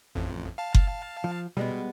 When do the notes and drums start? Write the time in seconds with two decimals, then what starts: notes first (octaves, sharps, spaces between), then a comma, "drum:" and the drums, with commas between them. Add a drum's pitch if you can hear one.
0.15 A1 F2
0.58 F5 A5
0.74 drum: kick F#1
1.24 F3
1.57 B2 G3 G#3 B3